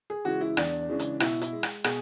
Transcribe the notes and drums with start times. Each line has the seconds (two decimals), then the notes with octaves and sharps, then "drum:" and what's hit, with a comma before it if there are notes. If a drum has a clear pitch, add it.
0.10 G#4
0.25 C#3 E3 G#3 F#4
0.41 E4
0.57 E2 D4, drum: rim click
0.89 C#3 E3 G#3
0.99 drum: hi-hat
1.20 B2 E4, drum: rim click
1.41 E4, drum: hi-hat
1.53 G#3
1.63 drum: rim click
1.84 B2 G#4, drum: rim click